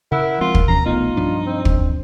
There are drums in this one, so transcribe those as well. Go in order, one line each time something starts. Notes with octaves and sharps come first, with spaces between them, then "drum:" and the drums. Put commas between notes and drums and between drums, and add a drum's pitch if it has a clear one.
C#3 E4 A#4 F#5 E6 F#6
F3 G#3 C4 F4
drum: kick
B2 E3 F3 C#4 A#5 C7
A#1 A3 B3 D#4 F4
B1 G2 F3 D4
C4
drum: kick